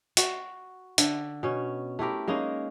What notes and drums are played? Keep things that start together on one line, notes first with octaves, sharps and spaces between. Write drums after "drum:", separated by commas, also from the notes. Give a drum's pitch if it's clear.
F#4, drum: hi-hat
D3, drum: hi-hat
B2 C#4
A3 E4 G4 A#4
G#3 A#3 C#4 D#4